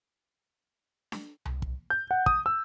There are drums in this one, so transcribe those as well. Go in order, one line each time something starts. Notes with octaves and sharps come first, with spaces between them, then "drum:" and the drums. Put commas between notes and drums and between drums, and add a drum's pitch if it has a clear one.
drum: snare D4
drum: tom C2
drum: kick
G6
F#5
D#6, drum: kick
E6